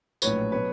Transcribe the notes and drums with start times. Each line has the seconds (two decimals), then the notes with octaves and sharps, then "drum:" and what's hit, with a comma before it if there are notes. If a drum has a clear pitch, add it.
0.22 A#1 A2 F#3 B4 C#5, drum: tambourine
0.52 B2 F#3 B4 C#5